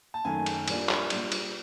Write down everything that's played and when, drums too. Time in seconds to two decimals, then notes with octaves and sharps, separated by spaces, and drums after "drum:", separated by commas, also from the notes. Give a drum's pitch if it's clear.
0.14 A5
0.25 F#2 D#3 F#3 A3 G#5
0.46 drum: cymbal
0.68 A#2 G3 A#3 D4 F4, drum: cymbal
0.89 drum: clap
1.10 A#2 G3 A#3 D4 F4, drum: cymbal
1.32 drum: cymbal